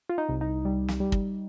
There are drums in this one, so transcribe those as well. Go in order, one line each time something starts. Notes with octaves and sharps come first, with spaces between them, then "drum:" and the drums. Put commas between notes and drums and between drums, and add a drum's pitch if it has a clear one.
F4
D#4
C2
D#4
G3
drum: snare
G3
drum: kick